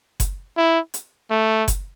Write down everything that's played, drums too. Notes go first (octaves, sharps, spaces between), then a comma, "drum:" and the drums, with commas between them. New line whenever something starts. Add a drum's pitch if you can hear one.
drum: kick F#1, hi-hat
E4
drum: hi-hat
A3
drum: kick F#1, hi-hat